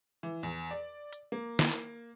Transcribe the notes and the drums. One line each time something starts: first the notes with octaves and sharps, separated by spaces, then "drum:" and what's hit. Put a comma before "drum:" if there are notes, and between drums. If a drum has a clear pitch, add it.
E3
E2
D5
drum: hi-hat
A#3
drum: snare